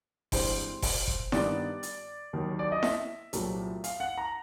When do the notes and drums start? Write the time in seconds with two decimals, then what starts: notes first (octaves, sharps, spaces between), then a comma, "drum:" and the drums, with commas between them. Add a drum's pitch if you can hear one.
0.32 G2 E3 G#3 C4 C5, drum: kick F#1, open hi-hat
0.82 drum: kick F#1, open hi-hat
1.07 drum: kick F#1
1.32 G2 D#3 G3 B3 D5, drum: snare E4
1.83 drum: hi-hat
2.33 D#2 D#3 F#3
2.59 D5
2.72 D#5
2.83 E5, drum: snare E4
3.33 C2 A#2 F#3 A3 C4, drum: hi-hat
3.84 F5, drum: hi-hat
4.00 F#5
4.18 A#5